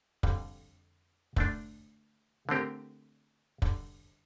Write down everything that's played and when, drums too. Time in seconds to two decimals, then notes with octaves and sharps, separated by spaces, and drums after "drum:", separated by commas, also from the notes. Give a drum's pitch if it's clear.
0.23 F2 D3 G3, drum: kick
1.36 D3 A3 D4, drum: kick
2.49 D3 A3 C4 G4 A#4
3.62 D3 G3 D4, drum: kick